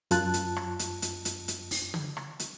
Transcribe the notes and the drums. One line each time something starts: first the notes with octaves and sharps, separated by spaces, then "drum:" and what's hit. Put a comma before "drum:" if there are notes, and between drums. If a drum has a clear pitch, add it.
F#2 F4 A5 F#6, drum: hi-hat
drum: hi-hat
drum: rim click
drum: hi-hat
drum: hi-hat
drum: hi-hat
drum: hi-hat
drum: open hi-hat
drum: tom
drum: rim click
drum: hi-hat